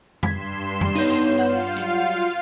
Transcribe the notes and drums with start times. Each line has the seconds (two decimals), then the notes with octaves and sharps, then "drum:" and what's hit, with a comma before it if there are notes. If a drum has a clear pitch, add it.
0.23 G2 C6 G#6 B6 E7, drum: tom F2
0.81 drum: tom F2
0.95 B3 D#4 C#5 G6, drum: open hi-hat
1.39 F4 F5 F#5 G6
1.76 F#3 G3 F#4, drum: hi-hat